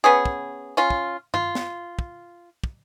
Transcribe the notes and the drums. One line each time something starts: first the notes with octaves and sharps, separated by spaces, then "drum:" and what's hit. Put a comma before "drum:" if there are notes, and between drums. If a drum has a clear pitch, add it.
B3 C#4 G#4
drum: kick
C#4 F4
drum: kick
F4, drum: tom G2
drum: snare
drum: kick
drum: kick